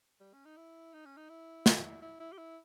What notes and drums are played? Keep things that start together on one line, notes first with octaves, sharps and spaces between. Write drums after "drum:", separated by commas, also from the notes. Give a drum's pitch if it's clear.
G3
C#4
D#4
E4
D#4
C#4
D#4
E4
drum: snare
E4
E4
G4
E4